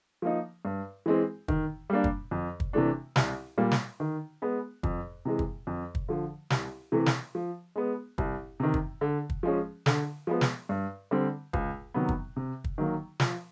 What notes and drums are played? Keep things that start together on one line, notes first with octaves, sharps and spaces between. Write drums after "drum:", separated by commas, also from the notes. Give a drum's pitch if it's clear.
F3 A#3 D#4
G2
E3 G#3 C4
D#3, drum: kick
G3 A#3 D4
drum: kick
F2
drum: kick
C3 E3 A3 D4
C2, drum: snare
A#2 G3 A#3
drum: snare
D#3
G#3 B3
F2, drum: kick
C3 E3 G#3
drum: kick
F2
drum: kick
D3 F3
C2, drum: snare
C3 E3 A3
drum: snare
F3
G#3 B3
C2, drum: kick
C3 D#3
drum: kick
D3
drum: kick
F3 G#3 C#4
D3, drum: snare
F3 G#3 B3
drum: snare
G2
D3 G3 C4
C#2, drum: kick
C3 D#3 F#3 B3
drum: kick
C3
drum: kick
D#3 F#3 A#3
F3, drum: snare